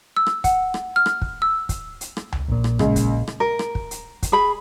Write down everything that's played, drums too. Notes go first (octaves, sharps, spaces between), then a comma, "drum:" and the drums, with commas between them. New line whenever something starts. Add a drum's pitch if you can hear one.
E6
drum: rim click
F#5, drum: kick, hi-hat
drum: rim click
F6
drum: rim click
drum: kick
E6
drum: kick, hi-hat
drum: hi-hat
drum: rim click
drum: tom C#2
A#1 A#2
drum: rim click
C#2, drum: rim click
drum: kick, hi-hat
drum: rim click
A#4
drum: rim click
drum: kick
drum: hi-hat
drum: kick, hi-hat
G#4 B5